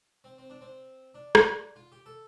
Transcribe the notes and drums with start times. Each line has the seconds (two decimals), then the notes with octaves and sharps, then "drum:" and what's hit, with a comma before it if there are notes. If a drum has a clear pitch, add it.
0.24 C4
0.38 C4
0.50 D4
0.61 C4
1.15 D4
1.35 drum: rim click
1.76 F4
1.92 G4
2.06 A4